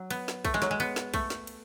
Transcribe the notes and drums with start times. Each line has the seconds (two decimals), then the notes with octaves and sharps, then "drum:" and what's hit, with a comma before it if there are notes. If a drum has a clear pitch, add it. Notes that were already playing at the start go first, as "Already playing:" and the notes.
Already playing: F#3
0.10 B3, drum: cymbal
0.28 drum: snare
0.45 A3, drum: kick B1, cymbal
0.54 G#3
0.62 F#3, drum: snare
0.71 G#3
0.80 B3, drum: cymbal
0.96 drum: snare
1.14 A3, drum: kick B1, cymbal
1.30 drum: snare
1.47 drum: cymbal